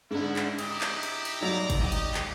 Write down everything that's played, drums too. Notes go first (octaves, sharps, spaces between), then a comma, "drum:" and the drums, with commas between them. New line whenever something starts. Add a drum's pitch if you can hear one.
G#2 D3 G#3 B3 E4
drum: clap
D#4 E4 G4 D#6, drum: cymbal
drum: clap
drum: cymbal
drum: cymbal
G2 F#3 D#4 D5 A#5
drum: kick, cymbal
G#1 G4 D#5
drum: cymbal
drum: clap